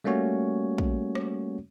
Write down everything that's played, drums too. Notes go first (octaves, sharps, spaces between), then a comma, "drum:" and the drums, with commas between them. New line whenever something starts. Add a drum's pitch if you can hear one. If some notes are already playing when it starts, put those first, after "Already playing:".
G3 A3 A#3 C#4 F#4 C#5
drum: kick
drum: rim click